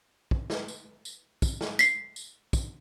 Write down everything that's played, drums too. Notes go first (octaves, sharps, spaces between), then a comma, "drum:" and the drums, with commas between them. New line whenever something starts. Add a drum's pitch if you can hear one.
drum: kick
drum: snare
drum: tambourine
drum: tambourine
drum: kick, tambourine
drum: snare
B6 C7, drum: tambourine
drum: tambourine
drum: kick, tambourine